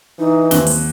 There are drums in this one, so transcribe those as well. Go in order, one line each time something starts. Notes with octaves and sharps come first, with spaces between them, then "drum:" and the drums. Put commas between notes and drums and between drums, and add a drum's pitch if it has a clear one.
E3 D#4
D#2 C4 F#6 G7, drum: snare
drum: open hi-hat